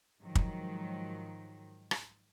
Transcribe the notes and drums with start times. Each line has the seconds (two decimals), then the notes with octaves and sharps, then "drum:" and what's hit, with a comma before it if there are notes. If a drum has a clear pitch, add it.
0.21 G#2 D#3 F3 F#3
0.35 drum: kick
1.91 drum: rim click